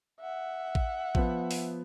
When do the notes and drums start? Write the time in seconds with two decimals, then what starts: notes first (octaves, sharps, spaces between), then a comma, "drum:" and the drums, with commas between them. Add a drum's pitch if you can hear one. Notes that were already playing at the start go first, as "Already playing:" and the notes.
0.21 E5 F#5
0.75 drum: kick A1
1.15 F3 B3, drum: kick A1
1.51 drum: open hi-hat